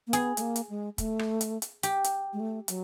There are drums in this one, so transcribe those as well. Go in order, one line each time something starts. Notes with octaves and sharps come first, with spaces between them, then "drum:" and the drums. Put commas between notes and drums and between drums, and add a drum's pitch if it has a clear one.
A#3
B3 G#4, drum: hi-hat
A3, drum: hi-hat
A#3
drum: hi-hat
G#3
A3, drum: kick, hi-hat
drum: rim click
drum: hi-hat
drum: hi-hat
G4, drum: hi-hat
drum: hi-hat
G#3
A3
F#3, drum: hi-hat